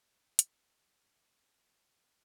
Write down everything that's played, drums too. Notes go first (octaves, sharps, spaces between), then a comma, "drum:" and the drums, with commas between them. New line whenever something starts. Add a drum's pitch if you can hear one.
D#4
A#3 E4, drum: hi-hat
C#3 G3
D4